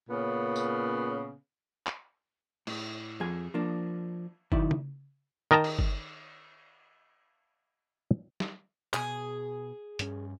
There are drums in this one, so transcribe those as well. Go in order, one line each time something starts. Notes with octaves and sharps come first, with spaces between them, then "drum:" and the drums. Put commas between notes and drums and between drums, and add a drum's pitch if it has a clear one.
A#2 C#3 B3 C#4
drum: tambourine
drum: clap
A2, drum: cymbal
F2 F3 G#4 G#5
F3 A#3 D4
B1 D#3 E4 D5, drum: kick G1
drum: tom C#3
D#3 A#4 D#5 A5 A#5
drum: cymbal
drum: kick G1
drum: snare
B2 G#4, drum: clap
G2 C#4, drum: hi-hat